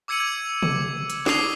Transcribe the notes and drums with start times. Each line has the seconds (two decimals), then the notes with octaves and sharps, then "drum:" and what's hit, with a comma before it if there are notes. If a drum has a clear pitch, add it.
0.08 D6 E6 G#6 C#7 D#7 F#7
0.20 G#6
0.63 D6, drum: tom C3
1.10 drum: hi-hat
1.26 D6 D#6 C7 D#7 F7 G7, drum: snare